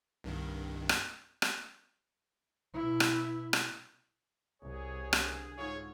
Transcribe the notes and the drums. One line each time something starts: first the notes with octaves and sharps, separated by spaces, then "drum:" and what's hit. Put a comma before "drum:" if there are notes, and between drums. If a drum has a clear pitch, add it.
C2 G2 D#3
drum: rim click
drum: rim click
B2 E4
drum: rim click
drum: rim click
C2 G#4 C#5
D3 C5, drum: rim click
G#2 D3 F4 C#5